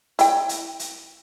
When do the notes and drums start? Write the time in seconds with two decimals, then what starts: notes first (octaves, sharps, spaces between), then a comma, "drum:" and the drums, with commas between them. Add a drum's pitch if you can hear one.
0.19 E4 G5, drum: hi-hat
0.49 drum: hi-hat
0.79 drum: hi-hat